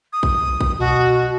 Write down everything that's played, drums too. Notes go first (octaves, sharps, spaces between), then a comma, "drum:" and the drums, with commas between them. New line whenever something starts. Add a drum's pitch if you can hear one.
D#6
drum: kick B1
drum: kick B1
B2 F#4